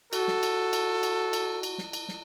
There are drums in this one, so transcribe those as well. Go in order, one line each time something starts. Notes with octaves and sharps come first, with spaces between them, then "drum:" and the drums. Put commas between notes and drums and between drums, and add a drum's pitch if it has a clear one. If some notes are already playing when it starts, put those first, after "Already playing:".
F#4 A4, drum: cymbal
drum: snare
drum: cymbal
drum: cymbal
drum: cymbal
drum: cymbal
drum: cymbal
drum: snare
drum: cymbal
drum: snare